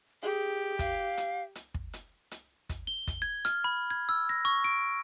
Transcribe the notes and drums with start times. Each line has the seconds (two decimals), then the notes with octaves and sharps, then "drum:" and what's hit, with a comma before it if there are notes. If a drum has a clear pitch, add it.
0.23 G4 G#4
0.79 F5, drum: kick, hi-hat
1.17 drum: hi-hat
1.55 drum: hi-hat
1.74 drum: kick
1.93 drum: hi-hat
2.31 drum: hi-hat
2.69 drum: kick, hi-hat
2.87 G7
3.07 drum: kick, hi-hat
3.22 G#6
3.45 F6, drum: hi-hat
3.64 B5
3.91 G#6
4.09 E6
4.29 A#6
4.45 C#6
4.64 D7